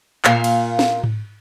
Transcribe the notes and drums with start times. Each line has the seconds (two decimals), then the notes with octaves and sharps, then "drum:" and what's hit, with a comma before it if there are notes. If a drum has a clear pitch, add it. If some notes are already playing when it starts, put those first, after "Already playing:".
0.25 A#2 F5, drum: clap
0.44 drum: cymbal
0.79 drum: snare
1.04 drum: tom G#2